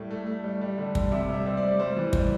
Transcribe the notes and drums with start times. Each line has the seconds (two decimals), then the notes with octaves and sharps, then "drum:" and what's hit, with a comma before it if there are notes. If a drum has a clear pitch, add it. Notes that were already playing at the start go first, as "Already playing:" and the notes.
Already playing: A2 G3 A3
0.11 A3
0.27 A3
0.44 G3
0.61 G3
0.78 D3
0.95 G3, drum: kick
1.12 C3 E5
1.29 G3
1.34 E5
1.46 G3 C5
1.57 D5
1.63 G3
1.79 G3 C5
1.96 E3
2.13 G3, drum: kick